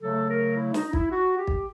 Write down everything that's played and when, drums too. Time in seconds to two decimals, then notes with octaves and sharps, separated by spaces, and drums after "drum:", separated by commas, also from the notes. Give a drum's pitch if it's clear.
0.01 C#3 F#3 A3 A4
0.28 A#4
0.57 E4
0.74 D#4, drum: snare
0.93 E4, drum: kick
1.11 F#4
1.38 G4
1.47 drum: kick